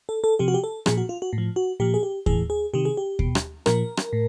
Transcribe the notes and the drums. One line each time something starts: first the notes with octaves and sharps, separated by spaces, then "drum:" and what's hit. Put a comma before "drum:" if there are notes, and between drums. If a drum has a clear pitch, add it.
A4
A4
C3 F3 G4
F#4
G4
A4
A#2 F3 G#4, drum: rim click
F#4
F4
F#4
A2
F3
F#4
A#2 F3 G4
G#4
G4
A2 E3 G#4, drum: kick D#2
G#4
C3 D#3 G4
G#4
G4
B2, drum: kick D#2
drum: rim click
A#2 F3 A#4, drum: rim click
drum: rim click
A2